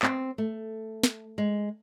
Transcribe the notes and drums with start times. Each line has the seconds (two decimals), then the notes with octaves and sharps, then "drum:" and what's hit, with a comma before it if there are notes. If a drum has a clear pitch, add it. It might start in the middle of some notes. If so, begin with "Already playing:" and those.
0.03 C4, drum: clap
0.38 A3
1.03 drum: snare
1.38 G#3